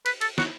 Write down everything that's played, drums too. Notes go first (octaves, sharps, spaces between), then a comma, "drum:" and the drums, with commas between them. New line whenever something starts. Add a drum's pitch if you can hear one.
B4, drum: cymbal
A4, drum: cymbal
F#4, drum: snare